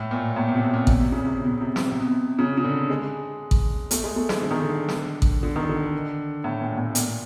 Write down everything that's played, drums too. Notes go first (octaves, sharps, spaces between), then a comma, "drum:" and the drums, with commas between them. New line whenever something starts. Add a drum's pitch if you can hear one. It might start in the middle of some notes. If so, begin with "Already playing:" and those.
Already playing: A2
A#2
A2
A#2
C3
B2
A#2
B2, drum: kick A1
C3
C#3
C3
B2
C3
B2
C3
B2
C3, drum: snare
B2
C3
B2
C#3
C#3
D3
G#3
drum: kick A1
A3, drum: hi-hat
G#3
A3
G#3, drum: snare
D3
D#3
D3
drum: snare
drum: kick A1
D3
D#3
D3
A2
A#2
A2
B2
A#2, drum: hi-hat